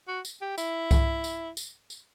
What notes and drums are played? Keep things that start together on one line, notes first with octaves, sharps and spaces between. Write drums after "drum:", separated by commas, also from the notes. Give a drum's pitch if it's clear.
F#4
drum: tambourine
G4
E4, drum: tambourine
drum: kick C2, tambourine
drum: tambourine
drum: tambourine
drum: tambourine